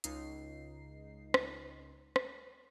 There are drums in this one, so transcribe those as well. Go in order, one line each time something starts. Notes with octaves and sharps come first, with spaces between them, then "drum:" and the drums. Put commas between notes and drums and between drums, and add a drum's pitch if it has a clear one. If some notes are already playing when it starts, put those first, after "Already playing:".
C#2 D#4 C7, drum: hi-hat
drum: rim click
drum: rim click